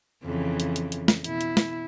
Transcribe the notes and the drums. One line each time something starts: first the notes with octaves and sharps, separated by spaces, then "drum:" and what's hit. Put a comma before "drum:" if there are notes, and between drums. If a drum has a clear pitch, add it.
F2 C#3 E3
drum: hi-hat
drum: hi-hat
drum: hi-hat
drum: snare
B2 E4, drum: hi-hat
drum: hi-hat
drum: snare